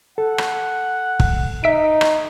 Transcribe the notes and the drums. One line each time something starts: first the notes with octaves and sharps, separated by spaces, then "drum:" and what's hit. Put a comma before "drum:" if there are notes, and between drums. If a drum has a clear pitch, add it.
A4 F#5
drum: rim click
drum: kick
D#4 E5 B6 D7
drum: rim click